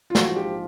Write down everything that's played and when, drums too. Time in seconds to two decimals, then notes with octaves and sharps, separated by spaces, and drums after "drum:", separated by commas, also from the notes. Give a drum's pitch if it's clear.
0.10 F4
0.15 A#1 G#2 F3 F#4, drum: snare
0.36 G4